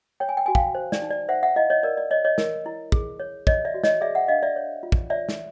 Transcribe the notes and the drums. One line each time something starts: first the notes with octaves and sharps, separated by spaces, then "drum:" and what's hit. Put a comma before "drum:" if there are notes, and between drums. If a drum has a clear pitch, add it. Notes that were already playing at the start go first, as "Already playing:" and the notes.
C#5 G5
G#5
G5
F#4 G#5
F5 G5, drum: kick
C5
D5, drum: snare
D#4
D5
C5 E5 F#5
E5 F#5
E4 D#5 F5
C#5 D#5
A#4 D5
D5
C#5 D#5
C#5 D#5
A#4, drum: snare
E4
G#4, drum: kick
C#5
C#5 D#5, drum: kick
D5 E5
F#4
C#5 D#5, drum: snare
G#4 D5 E5
E5 F#5
D4 D#5 F5
D5 E5
C#5
F4
drum: kick
C#5 D5 E5
drum: snare